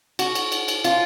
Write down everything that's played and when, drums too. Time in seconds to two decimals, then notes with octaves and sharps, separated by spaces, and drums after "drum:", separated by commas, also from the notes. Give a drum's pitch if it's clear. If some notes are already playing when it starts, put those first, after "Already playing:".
0.19 F#4, drum: cymbal
0.35 drum: cymbal
0.52 drum: cymbal
0.68 drum: cymbal
0.84 F4, drum: cymbal